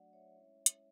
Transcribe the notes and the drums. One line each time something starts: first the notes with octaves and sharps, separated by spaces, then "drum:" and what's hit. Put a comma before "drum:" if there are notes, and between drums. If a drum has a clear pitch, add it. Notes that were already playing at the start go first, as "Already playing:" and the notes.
Already playing: F#3 A3 D4 F#4 D5 F#5
C#5 E5
G#3 C#4 E4
drum: hi-hat